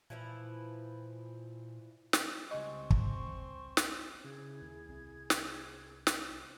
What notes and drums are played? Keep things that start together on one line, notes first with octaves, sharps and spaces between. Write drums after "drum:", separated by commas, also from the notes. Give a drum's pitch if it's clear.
A#2 E3 F3 E4
drum: snare
C#2 G3 C4 C5 D#5 G#5 C#6
drum: kick
drum: snare
C#3 E4 G#4 G#6
D#2
C2
drum: snare
drum: snare